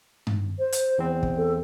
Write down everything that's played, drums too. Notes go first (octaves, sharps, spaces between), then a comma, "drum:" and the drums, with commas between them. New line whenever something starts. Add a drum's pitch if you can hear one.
drum: tom G2
C5
drum: hi-hat
E2 C4
drum: kick
A4